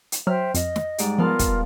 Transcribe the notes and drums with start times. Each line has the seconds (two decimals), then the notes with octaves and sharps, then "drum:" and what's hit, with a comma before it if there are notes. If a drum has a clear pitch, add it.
0.12 drum: hi-hat
0.27 F#3 C5 E5 G5 F6
0.54 F2 D#5, drum: hi-hat
0.76 drum: snare
0.98 G#2 G3 D5, drum: hi-hat
1.18 F3 B3 F4 A#4 F5 A5
1.39 drum: kick, hi-hat